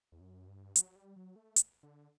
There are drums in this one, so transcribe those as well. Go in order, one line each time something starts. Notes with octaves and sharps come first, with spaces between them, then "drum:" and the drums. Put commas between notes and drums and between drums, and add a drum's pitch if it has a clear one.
E2
F#2
G2
F#3, drum: hi-hat
G3
F#3
A3
drum: hi-hat
D3